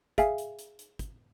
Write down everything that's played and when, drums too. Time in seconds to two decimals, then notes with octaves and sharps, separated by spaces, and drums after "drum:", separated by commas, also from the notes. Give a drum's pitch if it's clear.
0.18 G#4 E5 F5 G#5, drum: kick, hi-hat
0.38 drum: hi-hat
0.59 drum: hi-hat
0.79 drum: hi-hat
0.99 drum: kick, hi-hat